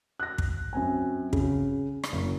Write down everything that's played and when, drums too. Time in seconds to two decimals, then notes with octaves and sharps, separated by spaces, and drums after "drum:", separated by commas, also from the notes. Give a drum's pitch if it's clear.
0.20 F#6 A#6
0.38 drum: kick
0.73 F#2 C4 G#5
1.33 C#3, drum: kick
2.03 drum: rim click
2.13 F#1